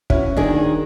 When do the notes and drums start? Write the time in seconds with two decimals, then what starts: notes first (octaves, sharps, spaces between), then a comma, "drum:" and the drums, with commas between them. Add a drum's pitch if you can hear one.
0.10 C#4 E4 F#4, drum: kick
0.37 D#3 D4 D#4 G#4